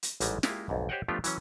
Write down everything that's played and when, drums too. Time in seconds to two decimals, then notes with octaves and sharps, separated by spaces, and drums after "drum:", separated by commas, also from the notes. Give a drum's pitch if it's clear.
0.03 drum: hi-hat
0.20 A1 G#2 G3 G#3, drum: hi-hat
0.43 G#3 A#3 E4 F4 G4, drum: snare
0.69 B1 F2 G#2
0.89 G4 C5 C#5 D#5 F#5 G5
1.08 F3 A3 B3 D4 F4 G4
1.24 E3 F#3 C#4, drum: hi-hat